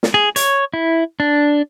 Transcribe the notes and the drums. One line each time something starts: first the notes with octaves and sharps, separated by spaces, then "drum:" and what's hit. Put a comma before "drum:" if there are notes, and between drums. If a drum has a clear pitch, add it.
drum: snare
G#4
C#5, drum: hi-hat
E4
D4